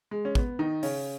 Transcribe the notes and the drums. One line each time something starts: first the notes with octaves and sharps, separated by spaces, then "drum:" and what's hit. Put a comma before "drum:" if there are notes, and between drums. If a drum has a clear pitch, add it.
G#3
C#4
B3, drum: kick
D#3 D#4
C#3 C#4, drum: open hi-hat